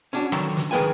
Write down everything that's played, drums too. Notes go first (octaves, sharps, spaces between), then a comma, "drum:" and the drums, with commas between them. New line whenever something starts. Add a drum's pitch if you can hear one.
C#4 D4 F#4
D3 D#3 F#3, drum: rim click
drum: snare
D#3 G#3 A#4 B4 G5 G#5